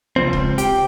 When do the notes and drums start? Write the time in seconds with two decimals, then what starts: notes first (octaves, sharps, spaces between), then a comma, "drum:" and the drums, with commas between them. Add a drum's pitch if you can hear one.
0.16 C#2 F3 C4
0.33 drum: kick
0.58 G4, drum: hi-hat